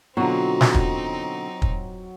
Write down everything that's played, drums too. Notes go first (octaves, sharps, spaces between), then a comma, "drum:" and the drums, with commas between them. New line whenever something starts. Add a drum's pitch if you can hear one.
B2 D3 F#3 C4 D#4 F4 F#4
drum: snare
drum: kick
drum: kick